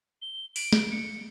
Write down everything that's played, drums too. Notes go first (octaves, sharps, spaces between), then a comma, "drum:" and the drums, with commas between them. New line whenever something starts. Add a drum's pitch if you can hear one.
G7
D7, drum: open hi-hat
drum: snare
C#7